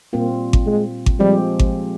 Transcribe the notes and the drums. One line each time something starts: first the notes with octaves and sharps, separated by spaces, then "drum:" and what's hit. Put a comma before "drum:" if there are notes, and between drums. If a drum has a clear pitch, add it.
A#2 G3 A#3 C4 F4
drum: kick G#1
G#3
drum: kick G#1
F3 G3 G#3 C4 G4
drum: kick G#1